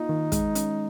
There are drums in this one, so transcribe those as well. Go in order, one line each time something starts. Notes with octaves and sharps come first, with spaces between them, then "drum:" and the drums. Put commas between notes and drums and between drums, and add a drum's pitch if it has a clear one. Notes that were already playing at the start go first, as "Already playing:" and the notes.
Already playing: A#3 D#4 F4
D#3
G#3, drum: kick, hi-hat
C#4, drum: hi-hat